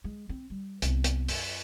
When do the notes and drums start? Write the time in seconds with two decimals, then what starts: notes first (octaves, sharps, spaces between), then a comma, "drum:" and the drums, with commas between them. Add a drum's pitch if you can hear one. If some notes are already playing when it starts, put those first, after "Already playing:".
0.04 G#3
0.29 C4
0.50 G3
0.82 C2 B3, drum: hi-hat
1.04 drum: hi-hat
1.28 F#2, drum: open hi-hat